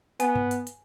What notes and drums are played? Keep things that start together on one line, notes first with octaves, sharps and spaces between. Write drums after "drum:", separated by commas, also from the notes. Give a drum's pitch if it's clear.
B3 G#5, drum: hi-hat
drum: tom G2
drum: hi-hat
drum: hi-hat